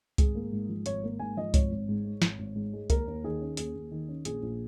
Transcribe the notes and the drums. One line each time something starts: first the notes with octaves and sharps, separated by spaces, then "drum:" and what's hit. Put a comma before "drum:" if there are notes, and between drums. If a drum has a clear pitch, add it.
G#1 G#4, drum: kick C2, hi-hat
A#3
G#2
F3
G#1 C#5, drum: hi-hat
A#3
G#2 G#5
F3 D#5
G#1 C#5, drum: kick C2, hi-hat
G#1
G#2
G#3
G#1, drum: snare
G#1
G#2
G#3
D#2 A#4, drum: kick C2, hi-hat
D#2
D#3 G#4
C#4
D#2 G#4, drum: hi-hat
D#2
D#3
C#4
A#1 G#4, drum: hi-hat
A#1